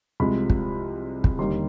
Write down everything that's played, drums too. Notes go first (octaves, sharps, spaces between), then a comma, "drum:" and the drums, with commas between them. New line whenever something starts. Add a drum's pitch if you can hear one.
C2 C3 F3 G#3 B5
drum: kick
drum: kick
D#2 D3 G3 A#3 D#4 C6